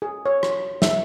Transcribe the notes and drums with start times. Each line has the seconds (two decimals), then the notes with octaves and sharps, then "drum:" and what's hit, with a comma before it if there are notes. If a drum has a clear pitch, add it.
0.02 G#4
0.26 C#5
0.43 drum: rim click
0.82 E5, drum: snare